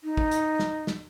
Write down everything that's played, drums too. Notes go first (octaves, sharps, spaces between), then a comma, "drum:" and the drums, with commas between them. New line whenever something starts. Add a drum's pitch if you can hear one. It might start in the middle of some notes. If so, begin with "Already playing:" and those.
D#4
drum: kick
drum: hi-hat
drum: snare
drum: snare